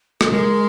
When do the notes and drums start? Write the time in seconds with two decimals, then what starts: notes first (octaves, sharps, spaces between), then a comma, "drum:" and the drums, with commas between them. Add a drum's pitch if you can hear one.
0.21 A4, drum: rim click
0.32 G#3 A#4